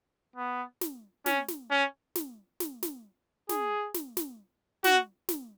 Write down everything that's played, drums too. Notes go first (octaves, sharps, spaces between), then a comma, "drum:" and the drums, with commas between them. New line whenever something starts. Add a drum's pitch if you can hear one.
B3
drum: snare
C#4, drum: snare
drum: snare
C#4
drum: snare
drum: snare
drum: snare
G#4, drum: snare
drum: snare
drum: snare
F#4, drum: snare
drum: snare